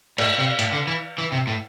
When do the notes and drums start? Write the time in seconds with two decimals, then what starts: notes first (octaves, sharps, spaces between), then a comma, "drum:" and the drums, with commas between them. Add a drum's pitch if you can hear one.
0.18 A2, drum: cymbal
0.38 C3
0.59 A2, drum: hi-hat
0.72 D3
0.87 E3
1.18 E3
1.32 C3
1.47 A2